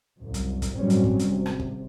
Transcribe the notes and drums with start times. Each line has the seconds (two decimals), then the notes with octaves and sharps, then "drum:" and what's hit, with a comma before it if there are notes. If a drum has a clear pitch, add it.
0.19 C2 F#2
0.34 drum: kick, hi-hat
0.62 drum: kick, hi-hat
0.76 G1 A2 F#3 G3 C4 C#4
0.90 drum: hi-hat
1.04 drum: kick
1.19 G#1 C3, drum: hi-hat
1.46 drum: rim click
1.60 drum: kick